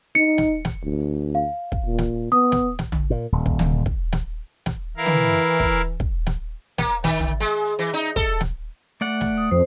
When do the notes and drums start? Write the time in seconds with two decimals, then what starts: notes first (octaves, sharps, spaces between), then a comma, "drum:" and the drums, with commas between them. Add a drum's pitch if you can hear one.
0.15 D#4 C#7
0.38 drum: snare
0.65 drum: snare
0.83 D2
1.35 F5
1.72 drum: kick
1.86 A#2
1.99 drum: snare
2.32 B3 D#6
2.52 drum: snare
2.79 drum: snare
2.92 drum: tom
3.10 A#2
3.32 D#1
3.46 drum: kick
3.59 drum: tom
3.86 drum: kick
4.13 drum: snare
4.66 drum: snare
4.97 E3 E4 A#4 F5
5.06 drum: tom
5.60 drum: kick
6.00 drum: kick
6.27 drum: snare
6.78 A#3, drum: snare
7.04 D#3, drum: snare
7.20 drum: tom
7.40 G#3
7.79 E3
7.94 D#4
8.16 A4, drum: kick
8.41 drum: snare
9.01 A3 D5 F#5
9.21 drum: snare
9.37 D#6
9.51 F2 C5